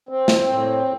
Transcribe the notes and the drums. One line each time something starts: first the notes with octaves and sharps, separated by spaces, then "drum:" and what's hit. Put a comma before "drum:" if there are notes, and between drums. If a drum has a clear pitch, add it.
C4
drum: snare
A2